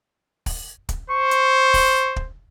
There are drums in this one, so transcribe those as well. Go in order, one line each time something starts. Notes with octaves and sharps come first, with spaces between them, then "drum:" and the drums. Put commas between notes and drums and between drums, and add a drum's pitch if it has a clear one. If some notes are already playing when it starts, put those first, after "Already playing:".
drum: kick, open hi-hat
drum: kick, hi-hat
C5 C#6
drum: hi-hat
drum: kick, open hi-hat
drum: kick